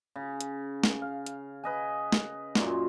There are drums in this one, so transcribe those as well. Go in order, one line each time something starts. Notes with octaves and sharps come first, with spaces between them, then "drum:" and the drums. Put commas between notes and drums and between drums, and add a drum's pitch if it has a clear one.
C#3
drum: hi-hat
drum: snare
F5
drum: hi-hat
B4 D#5 G#5
drum: snare
F#2 A#2 C6, drum: snare